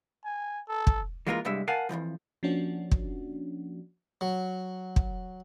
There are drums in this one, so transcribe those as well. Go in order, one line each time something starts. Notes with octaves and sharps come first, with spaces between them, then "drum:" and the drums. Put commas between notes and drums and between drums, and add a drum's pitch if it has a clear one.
G#5
A4
drum: kick
E3 G#3 A#3 F4 G#4 A#4
C2 G2 G3 G#3 E5
A#4 F5 F#5 G#5 A5
F2 G#2 E3 F3
F3 A#3 C#4 D4 F#4
drum: kick
F#3
drum: kick